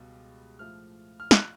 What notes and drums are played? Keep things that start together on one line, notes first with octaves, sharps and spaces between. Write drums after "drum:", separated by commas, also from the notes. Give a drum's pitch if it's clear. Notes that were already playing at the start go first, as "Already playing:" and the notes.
Already playing: C#2 B2 G3
A2 F3 A3 F6
F6
F#6, drum: snare